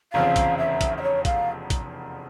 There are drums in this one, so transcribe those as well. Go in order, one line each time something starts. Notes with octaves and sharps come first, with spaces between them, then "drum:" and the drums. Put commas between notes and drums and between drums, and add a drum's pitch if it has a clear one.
F1 E2 C#3 F3 C4 F5
drum: kick A1, hi-hat
E5
drum: kick A1, hi-hat
E5
C#5
F5, drum: kick A1, hi-hat
drum: kick A1, hi-hat